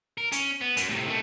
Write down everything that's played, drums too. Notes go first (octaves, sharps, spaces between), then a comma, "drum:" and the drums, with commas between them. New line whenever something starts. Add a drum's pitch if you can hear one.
A#4
C#4, drum: hi-hat
B3
F#2, drum: hi-hat
A2 C3
D#3 A3